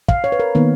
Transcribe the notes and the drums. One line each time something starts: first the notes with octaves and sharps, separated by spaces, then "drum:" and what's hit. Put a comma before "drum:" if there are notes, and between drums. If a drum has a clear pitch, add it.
F5, drum: kick
C#5
B4
A#4
D#3 A#3 B3